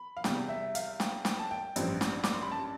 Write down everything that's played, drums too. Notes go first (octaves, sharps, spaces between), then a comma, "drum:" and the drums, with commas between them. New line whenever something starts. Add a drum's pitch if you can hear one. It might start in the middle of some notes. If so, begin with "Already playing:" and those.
Already playing: B5
F5
E2 C3 G3 G5, drum: snare
E5
F5, drum: hi-hat
G5, drum: snare
G5, drum: snare
A5
G5
A1 G2 F3 C4, drum: hi-hat
drum: snare
D6, drum: snare
C6
B5
A5